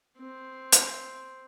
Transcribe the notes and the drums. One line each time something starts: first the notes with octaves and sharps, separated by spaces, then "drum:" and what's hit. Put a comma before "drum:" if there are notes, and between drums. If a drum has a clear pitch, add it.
C4
drum: hi-hat